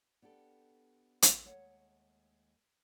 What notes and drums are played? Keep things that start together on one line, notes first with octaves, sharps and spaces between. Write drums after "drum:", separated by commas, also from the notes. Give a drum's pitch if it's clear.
B3 D4 G4 A4
drum: hi-hat
D#2 G#3 A3 C#5 F#5